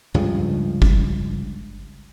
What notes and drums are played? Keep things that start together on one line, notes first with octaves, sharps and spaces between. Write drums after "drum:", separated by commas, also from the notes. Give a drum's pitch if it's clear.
C#2 G2 C#3 F3
drum: kick G1